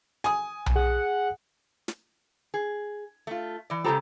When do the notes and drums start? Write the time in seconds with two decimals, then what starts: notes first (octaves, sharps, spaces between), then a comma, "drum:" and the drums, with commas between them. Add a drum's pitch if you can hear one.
0.24 G#5 D#6
0.66 drum: tom B1
0.76 G#4 F#5
1.88 drum: snare
2.54 G#4
3.27 A3 F4
3.70 E3 D5
3.84 C#3 G#3 G4 A4 C5 A#5